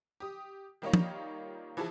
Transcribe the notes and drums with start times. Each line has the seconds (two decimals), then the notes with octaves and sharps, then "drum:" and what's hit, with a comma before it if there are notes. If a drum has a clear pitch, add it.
0.20 G4 D#6
0.82 D#3 G3 A#3 D#4 F4 C#5
0.93 drum: tom
1.77 E3 F3 E4 G#4 A5